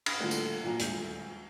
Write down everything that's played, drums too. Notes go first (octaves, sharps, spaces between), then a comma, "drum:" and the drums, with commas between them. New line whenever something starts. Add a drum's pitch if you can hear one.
B5 D#6 F6 G#6 A#6, drum: cymbal
A2 D3 F3 G3 A3 A#3
drum: tambourine
A#2 F3 F#3 A#5
D#1 D2 F3 G#3 A3 G6, drum: hi-hat